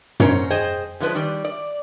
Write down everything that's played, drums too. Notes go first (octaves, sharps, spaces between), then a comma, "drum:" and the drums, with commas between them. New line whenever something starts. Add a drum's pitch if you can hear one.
F#3 C#4 A#4 C5 C#5, drum: tom
G#4 C5 D#5 G5
D3 F3 G#3 F4 B4 C5
D#3 G3 D5
D5